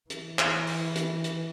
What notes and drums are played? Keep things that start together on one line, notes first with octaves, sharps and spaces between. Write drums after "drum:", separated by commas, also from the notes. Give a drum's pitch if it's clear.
E3, drum: hi-hat
drum: clap
drum: open hi-hat
drum: hi-hat
drum: hi-hat